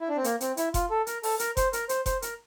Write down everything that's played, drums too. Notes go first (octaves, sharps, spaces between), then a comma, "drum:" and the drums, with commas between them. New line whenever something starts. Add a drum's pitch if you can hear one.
E4
D4
C4
A#3, drum: hi-hat
C4, drum: hi-hat
E4, drum: hi-hat
F4, drum: kick F1, hi-hat
A4
A#4, drum: hi-hat
A4, drum: open hi-hat
A#4, drum: hi-hat
C5, drum: kick F1, hi-hat
A#4, drum: hi-hat
C5, drum: hi-hat
C5, drum: kick F1, hi-hat
A#4, drum: hi-hat